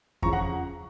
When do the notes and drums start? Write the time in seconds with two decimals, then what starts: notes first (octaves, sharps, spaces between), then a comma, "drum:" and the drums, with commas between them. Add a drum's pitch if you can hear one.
0.22 F2 C#3 F3 A#5 C#6, drum: kick F2
0.33 F#5 A#5